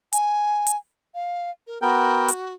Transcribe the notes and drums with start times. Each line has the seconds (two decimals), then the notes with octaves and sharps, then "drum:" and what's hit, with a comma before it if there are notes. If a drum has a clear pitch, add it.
0.13 G#5, drum: hi-hat
0.67 drum: hi-hat
1.14 F5
1.67 A#4
1.82 B3 F#4 A#4 G5
2.28 drum: hi-hat